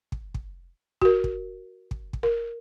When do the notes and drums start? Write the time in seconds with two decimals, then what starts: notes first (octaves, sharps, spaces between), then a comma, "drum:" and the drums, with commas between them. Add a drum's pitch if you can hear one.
0.12 drum: kick
0.34 drum: kick
1.02 F#4 A#4, drum: kick
1.24 drum: kick
1.91 drum: kick
2.13 drum: kick
2.23 A#4